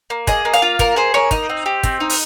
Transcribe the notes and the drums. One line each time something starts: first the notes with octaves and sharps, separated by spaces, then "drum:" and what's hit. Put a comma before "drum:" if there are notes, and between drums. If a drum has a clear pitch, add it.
A#3
G#4 D#5, drum: kick, hi-hat
A#3
F5, drum: hi-hat
F4
A#3 A#4, drum: kick, hi-hat
G#4 C5
A#3 C#5
D#4 D#5, drum: kick, hi-hat
C4
G4
C4, drum: kick, hi-hat
D#4
drum: open hi-hat